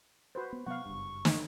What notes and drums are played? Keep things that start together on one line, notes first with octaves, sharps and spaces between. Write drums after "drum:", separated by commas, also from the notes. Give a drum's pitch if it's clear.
F#4 B4 C5
B3
C3 F#3 B3 F5 F#5 C#6
F#1 G2
drum: snare